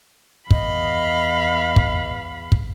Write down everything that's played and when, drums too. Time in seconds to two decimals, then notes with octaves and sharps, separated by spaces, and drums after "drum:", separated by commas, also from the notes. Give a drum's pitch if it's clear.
0.51 E2 D#5 F5 B5, drum: kick
1.76 drum: kick
2.52 drum: kick